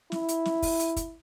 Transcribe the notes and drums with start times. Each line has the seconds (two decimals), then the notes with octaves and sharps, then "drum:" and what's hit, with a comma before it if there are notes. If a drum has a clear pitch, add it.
0.12 E4, drum: snare
0.28 drum: hi-hat
0.45 drum: snare
0.62 drum: kick, open hi-hat
0.79 drum: hi-hat
0.96 drum: kick, hi-hat